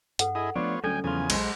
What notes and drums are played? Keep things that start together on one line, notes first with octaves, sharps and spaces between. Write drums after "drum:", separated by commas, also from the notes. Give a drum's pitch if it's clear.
G2 A4 B4 F#5, drum: hi-hat
E4 G#4 D#5
F3 F#3 A3 B3 D4 F4 C#5
D2 F#3 G3 C#4 A4 G5 G#5
E2 C#3 F3 F4 G#5
A#1 F#3 G#3 C5, drum: cymbal